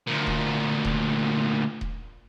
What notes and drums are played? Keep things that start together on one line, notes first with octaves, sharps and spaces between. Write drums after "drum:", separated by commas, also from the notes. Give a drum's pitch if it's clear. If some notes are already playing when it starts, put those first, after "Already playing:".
D2 A#2
drum: kick D#1
drum: kick D#1
drum: kick D#1